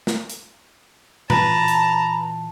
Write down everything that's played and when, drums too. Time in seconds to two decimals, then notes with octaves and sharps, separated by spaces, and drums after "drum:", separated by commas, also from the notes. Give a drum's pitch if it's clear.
0.07 drum: snare
0.30 drum: hi-hat
1.30 A#2 E3 B4 A5 A#5, drum: tom A2
1.68 drum: hi-hat